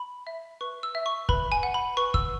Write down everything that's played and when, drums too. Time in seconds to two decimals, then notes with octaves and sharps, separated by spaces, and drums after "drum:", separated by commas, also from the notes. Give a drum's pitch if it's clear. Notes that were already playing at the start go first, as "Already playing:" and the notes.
Already playing: B5
0.27 E5
0.61 B4 C#6
0.83 E6
0.95 E5
1.06 C#6
1.29 B4 B5, drum: kick
1.52 G#5
1.63 F#5
1.74 B5
1.97 B4 C#6
2.14 E6, drum: kick